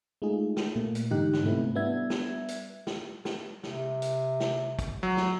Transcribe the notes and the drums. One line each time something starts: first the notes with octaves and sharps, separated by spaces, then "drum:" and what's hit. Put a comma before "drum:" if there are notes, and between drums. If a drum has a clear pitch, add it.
G#3 A3 D#4 F4 G#4
drum: snare
A#2 A3 A#3
drum: hi-hat
G#2 D3 E3 D#4 G4 F#6
drum: snare
G#2 C3 A3 B3 C4 E4
G3 B3 D4 E4 E5 G#6
drum: snare
drum: hi-hat
drum: snare
drum: snare
C3, drum: snare
drum: hi-hat
drum: snare
drum: kick, hi-hat
F#3
drum: snare